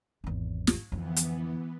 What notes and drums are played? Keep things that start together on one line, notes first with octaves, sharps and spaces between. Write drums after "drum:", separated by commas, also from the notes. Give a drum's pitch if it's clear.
G#1 E2
drum: snare
F2 D3 E3 B3
drum: hi-hat